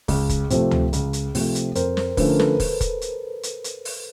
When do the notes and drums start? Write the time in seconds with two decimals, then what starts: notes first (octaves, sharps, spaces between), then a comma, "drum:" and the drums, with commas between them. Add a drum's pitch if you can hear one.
0.08 C#2, drum: kick, open hi-hat
0.29 drum: kick, hi-hat
0.50 C3 F3 A3, drum: hi-hat
0.71 drum: tom C#2
0.93 C#2, drum: hi-hat
1.13 drum: hi-hat
1.35 C3 F3 A3, drum: open hi-hat
1.55 drum: hi-hat
1.75 F2 A#4 C5, drum: hi-hat
1.97 drum: snare
2.17 D3 F3 A3 C#4 B4, drum: kick, open hi-hat
2.29 A#4
2.39 A4 B4, drum: snare
2.60 drum: kick, open hi-hat
2.81 drum: kick, hi-hat
3.01 drum: hi-hat
3.43 drum: hi-hat
3.64 drum: hi-hat
3.85 drum: open hi-hat